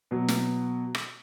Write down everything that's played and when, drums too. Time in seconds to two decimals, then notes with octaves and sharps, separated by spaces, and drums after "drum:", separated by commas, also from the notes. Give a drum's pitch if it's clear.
0.11 B2 F#3
0.28 drum: snare
0.95 drum: rim click